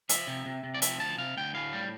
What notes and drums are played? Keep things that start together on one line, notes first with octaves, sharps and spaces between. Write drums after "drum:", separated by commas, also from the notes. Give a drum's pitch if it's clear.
F3 E5, drum: hi-hat
C3
C3
C3
D5
F3 E5, drum: hi-hat
D2 A5
C3 F5
D2 G5
A2 F5
G3